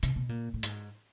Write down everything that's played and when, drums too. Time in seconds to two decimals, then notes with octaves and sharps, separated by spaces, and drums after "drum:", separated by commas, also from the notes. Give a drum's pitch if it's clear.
0.03 C3, drum: hi-hat
0.16 B2
0.29 A#2
0.54 A2
0.63 G#2, drum: hi-hat